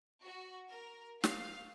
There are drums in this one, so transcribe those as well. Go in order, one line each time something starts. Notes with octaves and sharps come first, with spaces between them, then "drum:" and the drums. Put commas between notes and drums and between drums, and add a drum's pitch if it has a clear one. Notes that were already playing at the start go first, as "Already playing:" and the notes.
F#4
A#4
F5, drum: snare